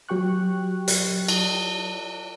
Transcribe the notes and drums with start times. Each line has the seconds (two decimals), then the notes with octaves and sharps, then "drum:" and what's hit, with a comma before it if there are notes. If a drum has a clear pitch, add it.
0.09 F#3 G4 G5 C#6 F#6
0.88 drum: hi-hat
1.28 drum: cymbal